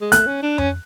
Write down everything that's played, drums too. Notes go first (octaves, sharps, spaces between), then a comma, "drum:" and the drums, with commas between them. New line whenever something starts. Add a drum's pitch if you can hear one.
G#3
A3 F#6, drum: hi-hat
C#4
D4
C#4, drum: tom F2